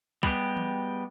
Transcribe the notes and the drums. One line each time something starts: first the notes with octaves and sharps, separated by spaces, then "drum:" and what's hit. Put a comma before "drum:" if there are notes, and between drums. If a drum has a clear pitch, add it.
G3 G#3 B3 G4, drum: kick
drum: tom E3